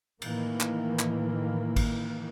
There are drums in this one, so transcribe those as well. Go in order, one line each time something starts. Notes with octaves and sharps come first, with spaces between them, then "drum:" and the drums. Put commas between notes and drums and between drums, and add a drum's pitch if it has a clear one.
A2 D#3 E3 A#3, drum: cymbal
drum: clap
drum: clap
drum: kick G#1, cymbal